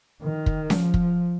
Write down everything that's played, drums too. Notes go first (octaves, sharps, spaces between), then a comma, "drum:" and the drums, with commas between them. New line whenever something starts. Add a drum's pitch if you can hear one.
D#3
drum: kick
F3, drum: snare C#4
drum: kick